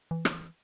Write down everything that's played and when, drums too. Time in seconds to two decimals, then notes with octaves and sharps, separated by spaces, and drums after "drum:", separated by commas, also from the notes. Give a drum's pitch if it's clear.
0.11 E3
0.25 drum: rim click